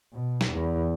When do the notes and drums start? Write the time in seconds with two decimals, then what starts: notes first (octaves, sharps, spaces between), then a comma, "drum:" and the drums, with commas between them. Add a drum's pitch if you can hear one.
0.13 B2
0.41 drum: snare
0.51 E2